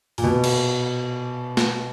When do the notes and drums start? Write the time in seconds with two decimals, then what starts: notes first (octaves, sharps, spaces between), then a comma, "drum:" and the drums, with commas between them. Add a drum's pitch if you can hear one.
0.18 A#2, drum: open hi-hat
0.23 B2
0.44 drum: cymbal
1.57 drum: snare